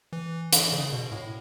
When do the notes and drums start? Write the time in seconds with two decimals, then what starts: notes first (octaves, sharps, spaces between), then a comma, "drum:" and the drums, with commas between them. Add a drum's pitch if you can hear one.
0.13 E3
0.53 E3, drum: hi-hat
0.73 C#3
0.92 B2
1.12 A2